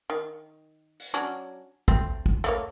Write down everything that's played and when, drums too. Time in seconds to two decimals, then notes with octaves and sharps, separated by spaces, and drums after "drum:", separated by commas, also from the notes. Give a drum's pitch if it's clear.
0.10 D#3
1.00 drum: open hi-hat
1.14 F#3 C#4 D4, drum: hi-hat
1.88 A3 C4, drum: kick
2.26 drum: kick
2.44 A3 A#3 C#5